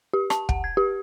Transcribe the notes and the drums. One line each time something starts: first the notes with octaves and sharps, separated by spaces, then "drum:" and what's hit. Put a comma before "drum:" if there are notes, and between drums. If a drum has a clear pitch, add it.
G4
A5, drum: rim click
F#5, drum: kick
G#6
G4